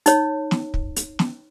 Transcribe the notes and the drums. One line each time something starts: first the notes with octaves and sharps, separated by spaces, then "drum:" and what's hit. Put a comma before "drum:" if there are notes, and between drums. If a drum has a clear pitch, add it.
D#4 C#5, drum: hi-hat
drum: snare
drum: kick
drum: hi-hat
drum: snare